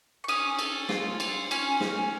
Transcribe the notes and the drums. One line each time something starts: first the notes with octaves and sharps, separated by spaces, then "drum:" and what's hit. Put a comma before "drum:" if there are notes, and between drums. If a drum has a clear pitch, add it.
C#6
C#4 D#6, drum: cymbal
A4, drum: cymbal
F4, drum: snare
F4, drum: cymbal
C#4, drum: cymbal
C#4, drum: snare